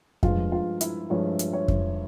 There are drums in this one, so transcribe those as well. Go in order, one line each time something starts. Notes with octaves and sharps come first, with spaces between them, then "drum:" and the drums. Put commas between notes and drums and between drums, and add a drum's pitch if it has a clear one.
G2 F3 G#3 F4 F5, drum: kick F2
F4 F5
E4 E5, drum: hi-hat
G2 F3 G#3 C#5
drum: hi-hat
C#5
drum: kick F2